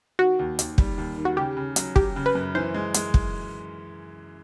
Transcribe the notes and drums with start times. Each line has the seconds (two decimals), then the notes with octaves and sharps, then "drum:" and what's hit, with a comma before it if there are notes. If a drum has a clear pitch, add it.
0.19 D#3 F#4
0.39 D#2
0.59 D#2, drum: hi-hat
0.78 G3, drum: kick
0.98 D#2
1.17 D#3
1.25 F#4
1.37 C#3 G4
1.57 C#3
1.76 F#3, drum: hi-hat
1.96 F#3 G4, drum: kick
2.16 C#3
2.26 B4
2.35 F#2
2.55 E3 C5
2.74 G#3
2.94 G#3, drum: hi-hat
3.14 drum: kick